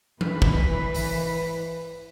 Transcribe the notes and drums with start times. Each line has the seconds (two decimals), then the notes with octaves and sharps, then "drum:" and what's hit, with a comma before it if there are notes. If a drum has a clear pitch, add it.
0.21 E3 B4, drum: tom E3
0.42 drum: kick
0.95 drum: open hi-hat